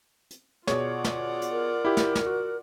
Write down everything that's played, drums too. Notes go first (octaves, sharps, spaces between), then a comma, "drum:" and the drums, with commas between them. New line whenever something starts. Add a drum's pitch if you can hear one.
drum: hi-hat
B2 F4 G#4 C#5 D5 F#5, drum: snare
drum: snare
drum: hi-hat
A#4
E4 G4
drum: snare
drum: snare
F#4